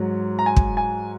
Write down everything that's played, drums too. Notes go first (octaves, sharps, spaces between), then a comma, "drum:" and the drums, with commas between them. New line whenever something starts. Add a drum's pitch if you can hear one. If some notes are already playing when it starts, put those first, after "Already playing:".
Already playing: G#2 F#3
A#5
G#5
drum: kick
G#5